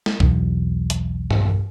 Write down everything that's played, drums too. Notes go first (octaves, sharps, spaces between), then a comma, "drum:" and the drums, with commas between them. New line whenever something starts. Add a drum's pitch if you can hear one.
drum: snare
B1 E2, drum: kick C2
drum: hi-hat
drum: tom G2